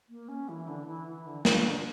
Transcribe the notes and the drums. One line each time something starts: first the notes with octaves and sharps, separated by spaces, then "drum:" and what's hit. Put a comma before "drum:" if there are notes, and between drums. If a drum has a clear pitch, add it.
A#3
C#4
E3
D3
E3
E3
D3
D3, drum: snare
D3